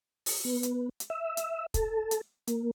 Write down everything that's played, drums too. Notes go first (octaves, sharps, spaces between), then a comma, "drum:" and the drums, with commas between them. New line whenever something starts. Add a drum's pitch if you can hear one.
drum: open hi-hat
B3
drum: hi-hat
drum: hi-hat
E5
drum: hi-hat
A4, drum: kick, hi-hat
drum: hi-hat
A#3, drum: hi-hat